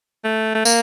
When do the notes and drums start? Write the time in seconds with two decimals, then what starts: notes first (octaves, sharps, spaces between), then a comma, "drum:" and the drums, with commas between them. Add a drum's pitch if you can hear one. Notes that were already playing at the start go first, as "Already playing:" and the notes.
0.25 A3
0.55 A3
0.65 A#3, drum: tambourine